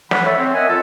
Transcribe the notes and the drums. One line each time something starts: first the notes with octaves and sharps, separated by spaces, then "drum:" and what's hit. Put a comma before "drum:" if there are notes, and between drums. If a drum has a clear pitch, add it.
E3 F#5 B5, drum: snare
A4 C#5 E5
C4
A#4 C#5 D#5 E5 F#5 G#5
F4 A4